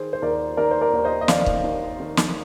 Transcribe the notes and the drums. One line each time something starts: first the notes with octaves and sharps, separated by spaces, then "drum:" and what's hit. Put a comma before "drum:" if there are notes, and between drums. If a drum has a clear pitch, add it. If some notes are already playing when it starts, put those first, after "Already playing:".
Already playing: D#3 G#4 C5
C5
D#2 A#4 D5
D#3 A#4 D5
C5
A#4 D5
D#2
C5 D#5
D#5
D#3 D5 F5, drum: snare
drum: kick
D#2
D#3
drum: snare